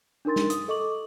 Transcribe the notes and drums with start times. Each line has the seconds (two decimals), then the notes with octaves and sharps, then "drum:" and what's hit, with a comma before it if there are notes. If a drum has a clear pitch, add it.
0.25 D4 D#4 A#4 C6 A6
0.36 drum: snare
0.50 D#6, drum: hi-hat
0.68 A4 D#5 C#6 D6 F#7